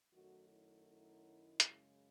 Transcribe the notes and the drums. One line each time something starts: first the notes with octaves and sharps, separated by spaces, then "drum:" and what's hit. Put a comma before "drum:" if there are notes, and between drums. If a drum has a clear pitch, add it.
F#2 D#3 F#3 A3 F#4
E4
E4
F#2 C#3 G#3, drum: hi-hat